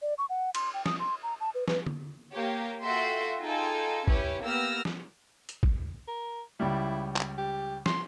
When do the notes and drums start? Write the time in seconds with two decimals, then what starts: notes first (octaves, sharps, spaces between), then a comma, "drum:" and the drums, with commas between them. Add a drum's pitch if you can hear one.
0.02 D5
0.18 C#6
0.30 F#5
0.55 C6, drum: cymbal
0.74 G5
0.86 D#6, drum: snare
0.99 C6
1.23 A#5
1.40 A5
1.55 B4
1.68 B4, drum: snare
1.86 drum: tom D3
2.31 A#3 G4 C#5
2.82 F4 F#4 A4 E5 G5 C6
3.41 D#4 F4 G#4 A4 G5 G#5
4.08 C#4 E4 G4 B4 C#5, drum: kick
4.42 A#3 B3 G4 E6 F6 A#6
4.85 drum: snare
5.49 drum: hi-hat
5.63 drum: kick
6.08 A#4
6.60 C#2 G3 E4
7.16 drum: clap
7.38 G4
7.86 C6, drum: snare